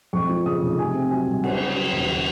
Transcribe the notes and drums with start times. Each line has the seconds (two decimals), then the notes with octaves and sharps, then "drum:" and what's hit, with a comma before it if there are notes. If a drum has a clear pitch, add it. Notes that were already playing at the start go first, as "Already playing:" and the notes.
0.13 F2 C#6
0.29 F3
0.46 C#3 D#6
0.62 F1
0.79 C3 G#5
0.95 C4
1.11 F#3 G#5
1.28 C2
1.44 C#3 F#5, drum: cymbal
1.60 C#4
1.76 F#3
1.92 D#2
2.09 C#3